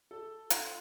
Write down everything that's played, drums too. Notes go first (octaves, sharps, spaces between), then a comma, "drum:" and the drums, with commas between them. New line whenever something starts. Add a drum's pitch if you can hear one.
A4
F4, drum: hi-hat